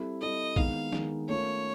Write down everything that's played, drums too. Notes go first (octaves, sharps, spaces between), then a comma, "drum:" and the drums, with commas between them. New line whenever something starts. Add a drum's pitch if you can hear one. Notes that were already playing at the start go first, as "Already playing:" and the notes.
Already playing: G3 C4 E4 A4
G3 C4 E4 A4 D#5
D#3 G#3 B3 D#4 F5, drum: kick A#1
D#3 G#3 B3 D#4, drum: snare
A3 C#4 F4 A#4 C#5